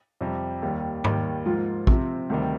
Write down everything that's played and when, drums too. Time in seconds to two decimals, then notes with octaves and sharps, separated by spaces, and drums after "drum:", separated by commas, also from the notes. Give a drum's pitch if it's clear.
0.21 F2 C3 G3
0.62 D#2 D#3 G3
1.04 D#2 D#3 G3, drum: tom G#2
1.46 G#2 F3 A#3 F4
1.87 C3 F3 C4, drum: kick
2.30 D2 C3 D#3 G3